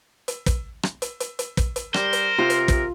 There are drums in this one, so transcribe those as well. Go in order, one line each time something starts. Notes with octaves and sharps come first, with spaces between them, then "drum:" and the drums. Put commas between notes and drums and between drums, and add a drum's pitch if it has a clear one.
drum: hi-hat
drum: kick, hi-hat
drum: rim click
drum: hi-hat
drum: hi-hat
drum: hi-hat
drum: kick, hi-hat
drum: hi-hat
G3 A#4 C5, drum: rim click
drum: hi-hat
C3 F4
drum: hi-hat
drum: kick, hi-hat